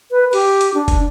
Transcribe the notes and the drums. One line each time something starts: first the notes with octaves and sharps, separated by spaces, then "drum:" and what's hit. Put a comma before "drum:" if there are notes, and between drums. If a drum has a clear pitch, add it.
B4
G4, drum: open hi-hat
drum: hi-hat
D4
drum: kick, hi-hat